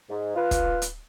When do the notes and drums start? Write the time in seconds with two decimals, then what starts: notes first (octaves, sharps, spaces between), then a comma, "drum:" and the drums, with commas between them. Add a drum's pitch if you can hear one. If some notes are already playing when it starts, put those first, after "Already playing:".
0.10 G#2
0.36 F4 B4
0.51 drum: kick, hi-hat
0.82 drum: hi-hat